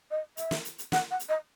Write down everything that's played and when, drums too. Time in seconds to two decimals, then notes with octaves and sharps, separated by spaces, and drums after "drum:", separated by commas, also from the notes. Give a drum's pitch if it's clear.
0.10 D#5
0.37 E5, drum: hi-hat
0.51 drum: snare
0.65 drum: hi-hat
0.78 drum: hi-hat
0.92 F#5, drum: snare
1.10 F#5
1.19 drum: hi-hat
1.29 D#5